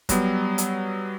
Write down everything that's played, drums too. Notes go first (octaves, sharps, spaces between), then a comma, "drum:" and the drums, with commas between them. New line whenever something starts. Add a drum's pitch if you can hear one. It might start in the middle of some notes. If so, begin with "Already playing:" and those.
F#3 G3 B3, drum: kick, hi-hat
drum: hi-hat